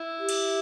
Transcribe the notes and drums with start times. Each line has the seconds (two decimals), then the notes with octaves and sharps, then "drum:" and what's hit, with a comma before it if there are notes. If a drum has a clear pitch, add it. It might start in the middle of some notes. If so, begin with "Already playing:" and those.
Already playing: E4
0.19 G4
0.29 drum: cymbal